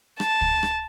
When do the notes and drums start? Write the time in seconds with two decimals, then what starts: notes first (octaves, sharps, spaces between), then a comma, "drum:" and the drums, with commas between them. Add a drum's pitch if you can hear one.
0.20 A5, drum: rim click
0.41 drum: kick
0.63 drum: rim click